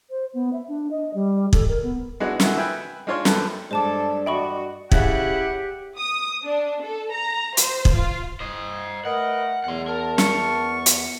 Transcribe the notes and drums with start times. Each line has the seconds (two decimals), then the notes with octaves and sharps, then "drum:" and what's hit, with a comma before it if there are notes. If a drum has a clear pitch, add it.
0.10 C5
0.34 B3
0.53 E5
0.68 D4
0.91 D#5
1.14 G3
1.53 A4, drum: kick
1.68 A#4
1.83 B3
2.20 G#3 B3 D4 E4 F#4 G#4
2.40 A#2 D3 D#3 E4 F#4 G#4, drum: snare
2.57 B4 E5 G5 G#5 B5 F#6
3.07 G#3 D4 F4 C#5 C6 F6
3.25 F#2 A#3 A4 B4 G5, drum: snare
3.71 G2 G#3 D4 A4 C5 A5 D6
4.26 F#4 D5 D#5 G5 B5 C#6
4.92 C#3 E4 G4 F#5, drum: kick
5.98 D#6
6.44 D4
6.84 A4
7.12 A#5
7.57 C5, drum: hi-hat
7.85 drum: kick
7.95 F4
8.40 C5 D#5
9.05 A3 A#4 B4 D#5 F#5
9.64 E2 F#5 C6
9.88 A#4 A5
10.18 C#6, drum: snare
10.86 drum: hi-hat